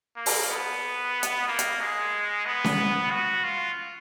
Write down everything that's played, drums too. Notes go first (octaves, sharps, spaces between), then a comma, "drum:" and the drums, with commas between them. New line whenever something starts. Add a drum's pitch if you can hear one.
A#3
drum: open hi-hat
B3
drum: hi-hat
A#3
drum: hi-hat
G#3
B3
drum: snare C#4
F#4
F4